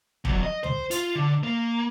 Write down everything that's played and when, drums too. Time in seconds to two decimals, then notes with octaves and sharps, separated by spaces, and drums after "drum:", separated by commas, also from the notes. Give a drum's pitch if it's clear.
0.25 E2 F#3, drum: kick E1
0.43 D#5
0.63 C5, drum: tom
0.91 F4, drum: hi-hat
1.15 D3
1.43 A#3